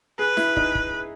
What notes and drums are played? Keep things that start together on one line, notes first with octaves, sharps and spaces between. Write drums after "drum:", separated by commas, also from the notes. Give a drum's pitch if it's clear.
G#4 B4
E4, drum: snare
D#4, drum: kick
drum: kick